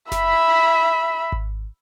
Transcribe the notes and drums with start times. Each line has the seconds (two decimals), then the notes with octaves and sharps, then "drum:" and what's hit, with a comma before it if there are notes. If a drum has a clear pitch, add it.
0.12 E5 B5, drum: snare F#1
1.32 drum: kick G#1